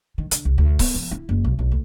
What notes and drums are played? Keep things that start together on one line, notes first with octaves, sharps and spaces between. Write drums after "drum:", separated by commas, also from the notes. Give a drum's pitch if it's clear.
D#3
D3, drum: hi-hat
C2
D2
B3, drum: kick C#1, open hi-hat
F3
E4
F#1
B1
B1
D2